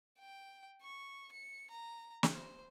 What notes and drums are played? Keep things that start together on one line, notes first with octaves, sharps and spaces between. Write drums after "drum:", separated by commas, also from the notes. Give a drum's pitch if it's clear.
G5
C#6
C#7
A#5
drum: snare
C5